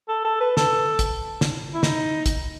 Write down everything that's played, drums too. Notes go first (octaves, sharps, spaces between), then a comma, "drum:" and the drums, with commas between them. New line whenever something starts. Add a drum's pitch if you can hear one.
A4
A4
B4
A4, drum: snare
drum: kick, hi-hat
drum: snare
E4
D#4, drum: snare
drum: kick, hi-hat